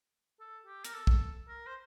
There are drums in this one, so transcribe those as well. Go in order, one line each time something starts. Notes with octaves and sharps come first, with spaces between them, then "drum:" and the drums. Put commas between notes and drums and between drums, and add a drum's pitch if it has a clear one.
A4
G4
A#4, drum: hi-hat
A4
drum: kick
A#4
C5